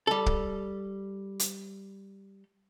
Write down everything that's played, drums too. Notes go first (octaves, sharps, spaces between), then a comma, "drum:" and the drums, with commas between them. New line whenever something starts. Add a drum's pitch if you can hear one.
G3 A4
drum: kick
drum: hi-hat